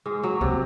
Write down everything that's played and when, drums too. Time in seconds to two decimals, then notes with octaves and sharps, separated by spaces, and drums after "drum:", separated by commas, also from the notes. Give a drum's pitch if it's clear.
0.06 G#2 G#3
0.23 F#3
0.41 C3, drum: kick C2